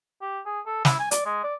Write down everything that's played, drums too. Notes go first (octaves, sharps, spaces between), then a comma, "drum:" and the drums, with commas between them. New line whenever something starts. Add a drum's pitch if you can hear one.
G4
G#4
A4
E4, drum: snare
G#5
D5, drum: hi-hat
G#3
D5